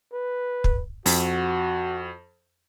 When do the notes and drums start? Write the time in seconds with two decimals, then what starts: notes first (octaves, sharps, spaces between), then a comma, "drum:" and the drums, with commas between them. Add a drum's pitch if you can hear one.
0.13 B4
0.64 drum: kick
1.06 F2 F#4, drum: open hi-hat